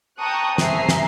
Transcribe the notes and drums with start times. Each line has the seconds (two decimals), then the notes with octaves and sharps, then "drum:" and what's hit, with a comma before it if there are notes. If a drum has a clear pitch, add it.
0.19 G5 A5 A#5 C#6 D#6 F#6
0.58 C4 G#4 E5 A#5 C7, drum: snare
0.89 drum: snare